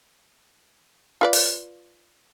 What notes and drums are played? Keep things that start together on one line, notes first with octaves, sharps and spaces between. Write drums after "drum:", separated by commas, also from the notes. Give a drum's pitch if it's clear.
F4 B4 D5
drum: open hi-hat